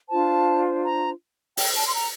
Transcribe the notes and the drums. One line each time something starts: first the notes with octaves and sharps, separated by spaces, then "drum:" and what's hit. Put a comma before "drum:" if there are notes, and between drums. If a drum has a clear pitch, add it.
D4 F4 C5 A5
A#5
G5, drum: open hi-hat
A5
C6
A#5